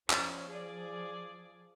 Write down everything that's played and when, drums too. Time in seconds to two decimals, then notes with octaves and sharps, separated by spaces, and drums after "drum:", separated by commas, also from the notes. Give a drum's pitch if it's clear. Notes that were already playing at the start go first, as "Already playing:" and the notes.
0.10 F3 C#4, drum: clap
0.51 G#4 D5